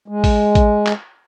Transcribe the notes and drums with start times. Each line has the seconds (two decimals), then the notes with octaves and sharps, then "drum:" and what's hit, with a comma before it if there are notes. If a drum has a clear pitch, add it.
0.08 G#3
0.24 drum: kick, open hi-hat
0.55 drum: kick, hi-hat
0.87 drum: clap